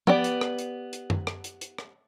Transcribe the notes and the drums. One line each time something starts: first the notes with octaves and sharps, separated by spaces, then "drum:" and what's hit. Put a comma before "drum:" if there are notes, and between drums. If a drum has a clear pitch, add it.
B3 G4 D5, drum: tom
drum: hi-hat
drum: rim click
drum: hi-hat
drum: hi-hat
drum: tom F#2
drum: rim click
drum: hi-hat
drum: hi-hat
drum: rim click